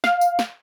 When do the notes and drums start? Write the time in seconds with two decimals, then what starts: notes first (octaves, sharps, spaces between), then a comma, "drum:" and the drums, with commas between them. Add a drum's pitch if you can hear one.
0.04 F5, drum: snare
0.21 drum: tambourine
0.39 drum: snare